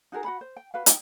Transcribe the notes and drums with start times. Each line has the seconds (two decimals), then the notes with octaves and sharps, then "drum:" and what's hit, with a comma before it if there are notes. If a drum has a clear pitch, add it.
0.12 D#4 F#4 G#4 A#4
0.24 F#4 F#5 B5
0.41 C5
0.57 G5
0.74 F#4 B4 F5
0.86 D#4 C#5 G5, drum: hi-hat